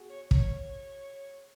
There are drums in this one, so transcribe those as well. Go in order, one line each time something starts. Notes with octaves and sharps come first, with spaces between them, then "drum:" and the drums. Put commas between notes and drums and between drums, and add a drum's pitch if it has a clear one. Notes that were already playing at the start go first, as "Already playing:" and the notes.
Already playing: F#4 G#4
C#5
C#5, drum: kick